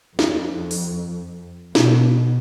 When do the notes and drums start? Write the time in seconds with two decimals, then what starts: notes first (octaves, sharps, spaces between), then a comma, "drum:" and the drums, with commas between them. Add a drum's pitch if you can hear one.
0.19 F2, drum: snare
0.71 drum: open hi-hat
1.75 B2, drum: snare